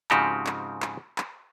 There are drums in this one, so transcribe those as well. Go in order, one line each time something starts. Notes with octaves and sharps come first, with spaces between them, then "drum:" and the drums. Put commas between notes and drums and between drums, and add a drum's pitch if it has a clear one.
G#2 C#3 F3 C4 F#4 G4, drum: clap
drum: clap
drum: clap
drum: clap